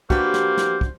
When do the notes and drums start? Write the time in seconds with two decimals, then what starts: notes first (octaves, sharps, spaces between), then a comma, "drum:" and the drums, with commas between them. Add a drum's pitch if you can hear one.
0.10 A#3 D4 F#4 G4 B4 C5, drum: kick
0.34 drum: snare
0.57 drum: snare
0.81 drum: kick